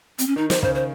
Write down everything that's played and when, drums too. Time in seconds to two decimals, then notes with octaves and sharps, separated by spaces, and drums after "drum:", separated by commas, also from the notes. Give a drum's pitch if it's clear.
0.18 C4, drum: hi-hat
0.27 C#4
0.36 D#3 D#4
0.50 C5, drum: snare
0.63 C#3 C5, drum: kick
0.75 C5